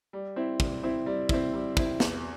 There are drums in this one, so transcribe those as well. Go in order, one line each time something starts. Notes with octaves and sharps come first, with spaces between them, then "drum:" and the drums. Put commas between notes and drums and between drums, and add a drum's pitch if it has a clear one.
G3
C4 E4
G3, drum: kick
C4 E4
G3
C4 E4, drum: kick
G3
C4 E4, drum: kick
E2, drum: snare